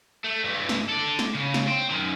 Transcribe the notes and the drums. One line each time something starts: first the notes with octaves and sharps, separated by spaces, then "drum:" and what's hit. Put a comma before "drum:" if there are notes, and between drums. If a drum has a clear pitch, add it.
A3
G2 E3
drum: snare
A4 D5
drum: snare
C#3
drum: snare
C5 G5
F#2 D#3